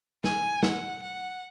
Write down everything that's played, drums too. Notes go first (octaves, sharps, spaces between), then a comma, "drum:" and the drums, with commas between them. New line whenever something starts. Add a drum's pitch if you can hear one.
G#5, drum: snare
F#5, drum: snare
F#5